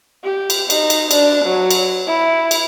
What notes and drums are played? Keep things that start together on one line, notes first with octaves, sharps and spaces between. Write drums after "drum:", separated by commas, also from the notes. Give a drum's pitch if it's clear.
G4
drum: cymbal
D#4, drum: cymbal
drum: cymbal
D4, drum: cymbal
F#3
drum: cymbal
E4
drum: cymbal